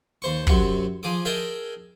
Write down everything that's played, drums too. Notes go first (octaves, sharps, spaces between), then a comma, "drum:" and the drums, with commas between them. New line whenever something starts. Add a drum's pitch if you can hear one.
D#2 C5 C#6
F#2 C3 F#3 C#6, drum: kick
F3 G#4 D6 D#6
G#4 A#4 D#5 E5 G5 A5